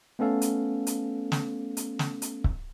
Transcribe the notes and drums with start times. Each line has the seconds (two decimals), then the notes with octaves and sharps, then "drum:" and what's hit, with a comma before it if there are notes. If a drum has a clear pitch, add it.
0.19 A3 B3 C#4 A4 F5
0.42 drum: hi-hat
0.87 drum: hi-hat
1.32 drum: snare
1.77 drum: hi-hat
1.99 drum: snare
2.22 drum: hi-hat
2.44 drum: kick C#1